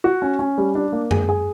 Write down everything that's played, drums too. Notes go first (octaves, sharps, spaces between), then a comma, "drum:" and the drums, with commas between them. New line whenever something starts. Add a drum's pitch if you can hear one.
F#4
C#4
C#4
G3
D4
A#3
G#4, drum: tom F#2
G#4